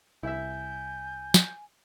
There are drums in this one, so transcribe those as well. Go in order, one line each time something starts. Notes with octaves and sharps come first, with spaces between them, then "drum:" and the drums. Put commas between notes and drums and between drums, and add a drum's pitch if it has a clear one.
C2 E4 E5 G#5 G6
drum: snare